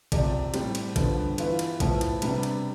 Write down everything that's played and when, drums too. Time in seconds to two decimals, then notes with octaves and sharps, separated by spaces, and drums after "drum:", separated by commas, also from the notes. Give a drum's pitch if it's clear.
0.12 C3 F3 C4 G4 D5, drum: kick, cymbal
0.54 A2 G3 C4 G4, drum: cymbal
0.75 drum: cymbal
0.96 G2 D3 F3 B3, drum: kick, cymbal
1.38 E3 B3 F4 B4, drum: cymbal
1.59 drum: cymbal
1.80 A2 F3 B3 E4, drum: kick, cymbal
2.01 drum: cymbal
2.22 C3 G3 B3 D4, drum: cymbal
2.43 drum: cymbal